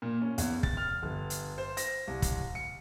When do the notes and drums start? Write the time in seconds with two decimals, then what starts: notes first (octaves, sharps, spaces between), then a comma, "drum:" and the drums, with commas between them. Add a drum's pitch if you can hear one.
0.02 A#2
0.22 C#4
0.38 E2, drum: hi-hat
0.63 A6, drum: kick
0.77 F6
1.02 G1
1.30 drum: hi-hat
1.58 C5
1.77 A#6, drum: hi-hat
2.07 C2
2.22 drum: kick, hi-hat
2.55 C#7